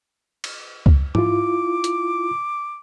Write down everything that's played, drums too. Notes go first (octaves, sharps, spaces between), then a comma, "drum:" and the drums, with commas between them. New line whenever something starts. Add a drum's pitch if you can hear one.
drum: cymbal
drum: kick C#2
E4 F4 D6, drum: tom G#2
drum: hi-hat